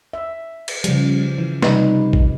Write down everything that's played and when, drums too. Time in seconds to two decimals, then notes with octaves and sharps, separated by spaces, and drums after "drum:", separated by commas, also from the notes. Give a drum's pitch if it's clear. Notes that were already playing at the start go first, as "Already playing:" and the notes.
0.13 E5
0.68 drum: cymbal
0.84 C#3 F3 G3, drum: hi-hat
1.38 E3
1.62 C3 G3 D#4 B4, drum: snare
2.13 drum: kick A1